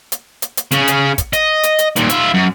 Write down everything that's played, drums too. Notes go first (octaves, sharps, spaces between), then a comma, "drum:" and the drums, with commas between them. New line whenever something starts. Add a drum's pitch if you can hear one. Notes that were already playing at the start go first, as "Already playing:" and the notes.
drum: hi-hat
drum: hi-hat
drum: hi-hat
C#3 C#4, drum: hi-hat
drum: hi-hat
drum: kick, hi-hat
D#5, drum: hi-hat
drum: hi-hat
drum: hi-hat
D#2 A#2, drum: hi-hat
F4 E5, drum: hi-hat
F#2